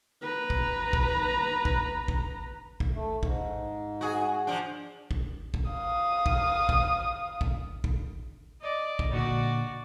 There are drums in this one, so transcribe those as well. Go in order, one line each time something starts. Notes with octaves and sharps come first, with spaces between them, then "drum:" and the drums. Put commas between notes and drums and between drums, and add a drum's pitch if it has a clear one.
B4 A#5
drum: kick
drum: kick
drum: kick
drum: kick
drum: kick
A3
G#2, drum: kick
F#4 G#4
F3 D4
drum: kick
drum: kick
F5 D#6
drum: kick
drum: kick
drum: kick
drum: kick
D5 D#5
drum: kick
A#2 D3 F#4 D5